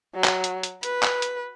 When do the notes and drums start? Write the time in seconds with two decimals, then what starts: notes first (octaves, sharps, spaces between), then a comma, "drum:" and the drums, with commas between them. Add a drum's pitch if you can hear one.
0.15 F#3
0.24 drum: clap
0.44 drum: hi-hat
0.63 drum: hi-hat
0.83 B4, drum: hi-hat
1.03 drum: clap
1.22 drum: hi-hat